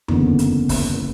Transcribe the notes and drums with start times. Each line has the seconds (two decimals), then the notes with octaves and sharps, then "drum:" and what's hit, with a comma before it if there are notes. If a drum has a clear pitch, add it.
0.08 F#1 E2 D3, drum: tom F2
0.39 drum: hi-hat
0.69 drum: kick, open hi-hat